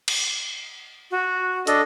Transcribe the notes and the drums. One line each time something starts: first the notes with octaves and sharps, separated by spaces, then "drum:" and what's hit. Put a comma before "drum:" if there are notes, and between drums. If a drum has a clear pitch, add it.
drum: cymbal
F#4
D4 A4 D#5, drum: hi-hat